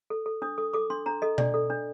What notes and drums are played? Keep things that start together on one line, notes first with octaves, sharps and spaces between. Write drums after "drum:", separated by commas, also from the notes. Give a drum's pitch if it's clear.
A4
A4
D4 D#6
A4 D#6
A4 D6
D4 C6
D4 A#5
A4 D#5
D4 D5, drum: tom B2
A4
D4